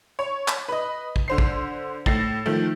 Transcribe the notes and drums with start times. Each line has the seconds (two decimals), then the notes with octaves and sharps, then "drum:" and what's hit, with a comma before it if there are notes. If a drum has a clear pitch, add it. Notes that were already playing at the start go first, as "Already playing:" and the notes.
0.19 C#5
0.48 drum: clap
0.69 B4 D#5
1.16 drum: kick
1.28 D3 C5 C7
1.38 drum: kick
2.06 A2 A6 A#6 C7, drum: kick
2.46 D#3 F3 A3